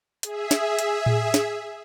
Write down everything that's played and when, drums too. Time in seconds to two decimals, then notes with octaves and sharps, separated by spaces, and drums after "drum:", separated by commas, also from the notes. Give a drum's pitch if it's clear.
0.23 G#4 E5, drum: hi-hat
0.51 drum: snare
0.79 drum: hi-hat
1.06 drum: tom A2
1.34 drum: snare